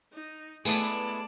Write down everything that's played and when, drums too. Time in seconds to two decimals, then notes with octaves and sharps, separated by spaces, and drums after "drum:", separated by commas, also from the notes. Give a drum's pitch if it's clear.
0.13 D#4
0.65 G#3 A3 B3 E4 G#4 D5 A5, drum: tambourine